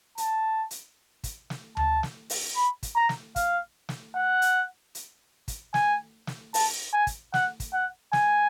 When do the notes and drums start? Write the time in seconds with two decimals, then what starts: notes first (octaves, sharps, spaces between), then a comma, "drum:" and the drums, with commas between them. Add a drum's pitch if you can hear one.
0.18 A5, drum: hi-hat
0.71 drum: hi-hat
1.24 drum: kick, hi-hat
1.50 drum: snare
1.77 A5, drum: tom D2
2.03 drum: snare
2.30 drum: open hi-hat
2.56 B5
2.83 drum: kick, hi-hat
2.96 A#5
3.09 drum: snare
3.36 F5, drum: kick, hi-hat
3.89 drum: snare
4.15 F#5
4.42 drum: hi-hat
4.95 drum: hi-hat
5.48 drum: kick, hi-hat
5.74 G#5, drum: snare
6.27 drum: snare
6.54 A5, drum: open hi-hat
6.93 G#5
7.07 drum: kick, hi-hat
7.34 F#5, drum: snare
7.60 drum: kick, hi-hat
7.73 F#5
8.13 G#5, drum: snare